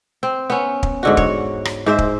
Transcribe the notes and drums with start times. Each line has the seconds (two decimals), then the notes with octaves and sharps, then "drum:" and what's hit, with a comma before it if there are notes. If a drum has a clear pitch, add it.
0.23 C4
0.50 B3 C#4
0.83 drum: kick
1.03 G#2 D3 F#4
1.17 C#5, drum: kick
1.65 drum: rim click
1.86 G#2 C5 E5
1.98 drum: kick